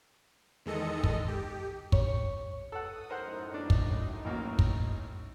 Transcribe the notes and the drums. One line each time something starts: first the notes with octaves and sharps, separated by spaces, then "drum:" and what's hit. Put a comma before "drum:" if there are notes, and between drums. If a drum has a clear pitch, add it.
E2 D#3 G#3 A4 D#5 C#7
drum: kick
G4
C#5, drum: kick
A4 F#5 D#6
F#2 A2 D#4 A#4 C5 F#5
D4
drum: kick
A1 A#3 F#4
drum: kick